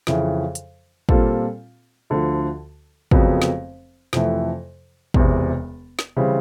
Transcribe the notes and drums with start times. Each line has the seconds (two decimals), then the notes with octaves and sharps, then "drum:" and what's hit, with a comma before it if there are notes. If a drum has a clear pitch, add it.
0.07 F2 C#3 E3, drum: snare
0.55 drum: hi-hat
1.09 A#2 G3 C4 F4 A4, drum: kick
2.10 D2 D3 F3
3.11 F1 F2 C#3 F#3 B3, drum: kick
3.42 drum: snare
4.13 F2 C3 E3 A3, drum: snare
5.14 E1 E2 C3, drum: kick
5.99 drum: snare
6.17 C#3 E3 G3 C4